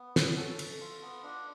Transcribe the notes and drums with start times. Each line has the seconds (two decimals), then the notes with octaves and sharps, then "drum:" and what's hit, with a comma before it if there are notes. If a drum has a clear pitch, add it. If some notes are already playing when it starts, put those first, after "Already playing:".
Already playing: B3
0.16 C#4, drum: snare
0.37 A4
0.59 A4, drum: cymbal
0.80 F4
1.02 B3
1.23 D4